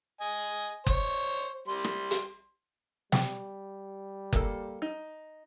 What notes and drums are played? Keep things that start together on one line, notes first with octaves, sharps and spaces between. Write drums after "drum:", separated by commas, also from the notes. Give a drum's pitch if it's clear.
D#5 G#5
C5 C#5, drum: kick F#1
G3 C6
drum: rim click
drum: hi-hat
G3 G5, drum: snare
A#3 A4, drum: kick F#1
D#4